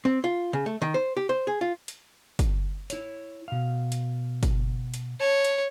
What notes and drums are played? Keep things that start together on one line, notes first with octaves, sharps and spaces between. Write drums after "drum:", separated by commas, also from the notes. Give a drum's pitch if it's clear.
C4
F4
C#3
A3
D#3
C5
G4
C5
G#4
F4
drum: hi-hat
drum: kick, hi-hat
E4 C#5, drum: hi-hat
B2 F5
drum: hi-hat
drum: kick, hi-hat
drum: hi-hat
C#5 A5
drum: hi-hat